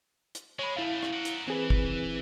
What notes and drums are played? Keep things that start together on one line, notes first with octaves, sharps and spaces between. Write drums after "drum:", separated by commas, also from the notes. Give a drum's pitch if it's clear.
drum: hi-hat
G#3 C#5 B5
F#2 A3 E4 F5
drum: rim click
A#4 F#5
drum: hi-hat
E3 C4 G#4 B4
drum: kick